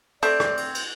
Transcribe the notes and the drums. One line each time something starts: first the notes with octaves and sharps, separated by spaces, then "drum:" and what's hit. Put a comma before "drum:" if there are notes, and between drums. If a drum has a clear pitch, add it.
A3 C4 D5, drum: cymbal
drum: rim click
drum: cymbal
drum: cymbal